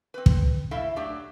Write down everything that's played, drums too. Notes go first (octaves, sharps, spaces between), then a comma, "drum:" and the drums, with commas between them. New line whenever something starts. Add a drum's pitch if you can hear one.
C4 B4
drum: kick
A3 E4 A4 E5 F5
F#3 A3 D4 G4 D5